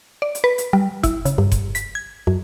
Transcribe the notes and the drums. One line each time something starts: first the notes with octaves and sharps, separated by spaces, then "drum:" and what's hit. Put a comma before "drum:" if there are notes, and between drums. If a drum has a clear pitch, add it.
D5
drum: hi-hat
B4
drum: hi-hat
G3
E4, drum: kick F#1, hi-hat
C#3, drum: hi-hat
G2
drum: kick F#1, hi-hat
B6, drum: hi-hat
G#6
F#2